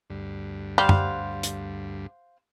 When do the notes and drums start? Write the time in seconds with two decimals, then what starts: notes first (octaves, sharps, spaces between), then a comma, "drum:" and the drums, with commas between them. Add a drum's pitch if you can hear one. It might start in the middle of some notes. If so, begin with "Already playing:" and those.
0.10 D2 G2
0.78 G3 C5 F5 F#5
0.89 drum: tom
1.43 drum: hi-hat